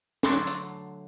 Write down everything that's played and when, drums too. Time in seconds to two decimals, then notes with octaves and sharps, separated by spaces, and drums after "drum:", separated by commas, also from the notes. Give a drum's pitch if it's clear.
0.23 D3 F#3 A3 D4 F#4 C6, drum: snare
0.47 drum: hi-hat